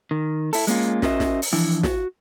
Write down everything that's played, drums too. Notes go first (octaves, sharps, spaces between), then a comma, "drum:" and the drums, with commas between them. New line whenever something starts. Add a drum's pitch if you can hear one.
D#3
E4 A4, drum: open hi-hat
G#3 A#3 C#4 F4, drum: hi-hat
C#4 F#4 A#4 C5 D#5 E5, drum: snare
drum: snare
drum: open hi-hat
E3 F3 D4 E4
F#4, drum: snare